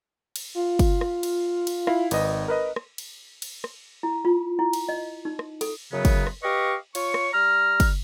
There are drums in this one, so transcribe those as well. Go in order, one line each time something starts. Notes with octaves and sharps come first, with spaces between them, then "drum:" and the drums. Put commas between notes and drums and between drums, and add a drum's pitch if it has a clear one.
drum: cymbal
F4
drum: kick, cymbal
drum: rim click
drum: cymbal
drum: cymbal
E4 F5, drum: rim click
G#1 B4 D#5, drum: cymbal
A#4 B4 D#5
drum: rim click
drum: cymbal
drum: cymbal
drum: rim click
E4
F4
E4
drum: cymbal
D#5
D#4
drum: rim click
A4, drum: cymbal
F#2 C#3 F#3 B3
drum: kick, cymbal
drum: rim click
G4 B4 D#5 F5 C#6
F4 C#5 C#6, drum: cymbal
drum: rim click
G3 A#5 F6
drum: kick, cymbal